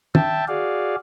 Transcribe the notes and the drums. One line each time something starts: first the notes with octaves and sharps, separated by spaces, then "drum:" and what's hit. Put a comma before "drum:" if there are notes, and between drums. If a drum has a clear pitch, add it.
E5 G5 A5, drum: tom
F#4 G#4 D5 F5